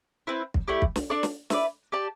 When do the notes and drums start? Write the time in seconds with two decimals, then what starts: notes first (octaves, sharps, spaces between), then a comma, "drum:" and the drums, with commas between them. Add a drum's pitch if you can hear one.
0.27 C4 E4 B4
0.54 drum: kick
0.68 A3 E4 G4 D5
0.82 drum: kick
0.96 drum: snare
1.10 D4 A4 D5 A5
1.23 drum: snare
1.50 E4 B4 D5, drum: snare
1.92 G4 D5 A5